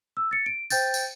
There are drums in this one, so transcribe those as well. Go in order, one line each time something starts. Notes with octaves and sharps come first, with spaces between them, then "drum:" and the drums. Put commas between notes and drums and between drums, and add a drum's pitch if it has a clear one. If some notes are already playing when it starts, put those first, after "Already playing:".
E6
A6 C#7
D7
C5 G5 G6 A6, drum: tambourine
drum: tambourine